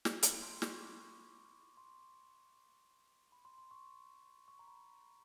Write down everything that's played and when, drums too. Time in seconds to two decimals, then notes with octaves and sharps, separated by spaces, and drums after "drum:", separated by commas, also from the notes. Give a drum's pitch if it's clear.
0.05 drum: snare
0.23 B5, drum: hi-hat
0.42 C6
0.62 C#6, drum: snare
0.81 D6
1.00 C#6
1.77 C6
3.32 B5
3.45 C6
3.58 C6
3.71 C#6
4.48 C#6
4.59 A#5
4.68 B5